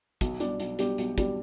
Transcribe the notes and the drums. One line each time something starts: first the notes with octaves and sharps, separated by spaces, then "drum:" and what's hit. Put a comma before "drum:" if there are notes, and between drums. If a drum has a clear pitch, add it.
B1, drum: kick, hi-hat
B2 G3 D4 G4, drum: hi-hat
B1, drum: hi-hat
B2 G3 D4 G4, drum: hi-hat
B1, drum: hi-hat
B2 G3 D4 G4, drum: kick, hi-hat